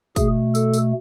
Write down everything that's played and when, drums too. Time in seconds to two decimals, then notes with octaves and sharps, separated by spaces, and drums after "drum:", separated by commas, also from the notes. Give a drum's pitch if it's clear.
0.16 B2 A3 G#4, drum: kick, tambourine
0.55 A4, drum: tambourine
0.73 drum: tambourine